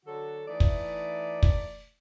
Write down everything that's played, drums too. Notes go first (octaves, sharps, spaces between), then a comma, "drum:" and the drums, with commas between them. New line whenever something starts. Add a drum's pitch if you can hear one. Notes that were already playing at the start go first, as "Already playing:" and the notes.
D3 F#3 F#4 A4
E3 A3 D#4 D5
drum: kick
drum: kick